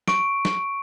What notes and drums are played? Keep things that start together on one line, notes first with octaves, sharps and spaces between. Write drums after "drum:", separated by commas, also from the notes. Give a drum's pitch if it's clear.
C#6 D7, drum: snare
drum: snare